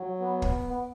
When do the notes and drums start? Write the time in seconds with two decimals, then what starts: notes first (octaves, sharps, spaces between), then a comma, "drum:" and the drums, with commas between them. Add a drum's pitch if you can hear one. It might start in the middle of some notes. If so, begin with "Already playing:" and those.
Already playing: F#3
0.20 B3
0.42 drum: kick